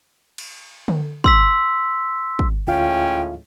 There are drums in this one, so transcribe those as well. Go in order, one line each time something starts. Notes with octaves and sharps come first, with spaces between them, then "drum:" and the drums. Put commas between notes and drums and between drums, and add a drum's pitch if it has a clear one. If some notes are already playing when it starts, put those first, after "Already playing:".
drum: cymbal
drum: tom D3
C6 E6 B6, drum: kick
drum: kick
D2 A2 G#3 C#4 F4 F5 G5